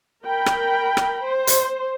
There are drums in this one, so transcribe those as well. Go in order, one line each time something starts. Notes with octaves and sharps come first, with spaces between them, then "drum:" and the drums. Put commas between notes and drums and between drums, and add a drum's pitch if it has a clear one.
A#4 G5 B5
drum: rim click
drum: rim click
C5
drum: hi-hat